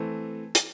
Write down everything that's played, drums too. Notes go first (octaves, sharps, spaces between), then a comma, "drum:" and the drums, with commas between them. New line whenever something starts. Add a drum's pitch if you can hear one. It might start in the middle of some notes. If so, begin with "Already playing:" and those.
Already playing: E3 A3 C4
drum: hi-hat